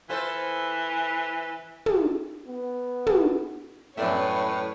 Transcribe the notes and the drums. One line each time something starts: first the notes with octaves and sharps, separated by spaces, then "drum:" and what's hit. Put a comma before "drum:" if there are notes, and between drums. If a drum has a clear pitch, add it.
E3 F4 A4 C5
drum: tom
B3
drum: tom
F#2 A2 B4 C#5 D5 E5